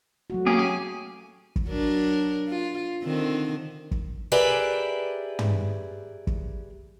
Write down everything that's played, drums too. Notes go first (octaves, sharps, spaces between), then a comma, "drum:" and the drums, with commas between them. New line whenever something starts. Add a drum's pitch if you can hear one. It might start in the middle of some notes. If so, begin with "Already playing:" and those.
F#3 A3 F#4
A#3 C#4 G4 G#4
G#5
drum: kick
F#3 D4 A#4
F4
D3 D#3 C4
drum: kick
G4 G#4 A#4 B4 D5 E5
drum: tom
drum: kick